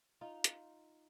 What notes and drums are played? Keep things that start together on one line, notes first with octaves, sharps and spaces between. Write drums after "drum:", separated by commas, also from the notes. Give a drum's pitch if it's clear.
D#4 F4
drum: hi-hat